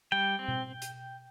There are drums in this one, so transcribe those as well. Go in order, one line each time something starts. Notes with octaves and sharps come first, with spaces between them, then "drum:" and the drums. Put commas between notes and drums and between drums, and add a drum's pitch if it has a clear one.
G3 G5
C4
drum: tom B2
drum: hi-hat